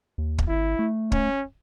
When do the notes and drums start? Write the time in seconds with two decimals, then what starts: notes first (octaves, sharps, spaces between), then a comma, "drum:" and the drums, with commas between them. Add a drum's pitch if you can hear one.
0.18 D#2
0.38 drum: kick
0.48 G#1 E4
0.79 A3
1.12 C#4, drum: kick